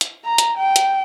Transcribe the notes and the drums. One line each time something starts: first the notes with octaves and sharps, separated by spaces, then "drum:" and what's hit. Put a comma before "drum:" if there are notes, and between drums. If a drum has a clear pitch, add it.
drum: hi-hat
A#5
drum: hi-hat
G5
drum: hi-hat